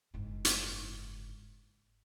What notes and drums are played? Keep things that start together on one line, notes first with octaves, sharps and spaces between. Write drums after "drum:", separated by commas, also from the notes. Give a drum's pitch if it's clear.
F#1 G#2
drum: hi-hat